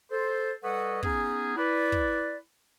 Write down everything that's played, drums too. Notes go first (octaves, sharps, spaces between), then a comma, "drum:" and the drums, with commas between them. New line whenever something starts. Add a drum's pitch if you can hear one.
A4 C5
G3 A4 B4 C#5 D#5 F#5
B3 C#4 D#4 G#4, drum: kick
E4 B4 D5
drum: kick